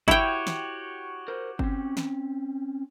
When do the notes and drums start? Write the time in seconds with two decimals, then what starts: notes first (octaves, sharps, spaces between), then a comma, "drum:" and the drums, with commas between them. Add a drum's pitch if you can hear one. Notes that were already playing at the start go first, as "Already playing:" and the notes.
0.08 E4 F#4 G4 C#5 G5, drum: kick G1
0.47 drum: snare
1.28 A#4 C5
1.59 C4 C#4, drum: kick G1
1.97 drum: snare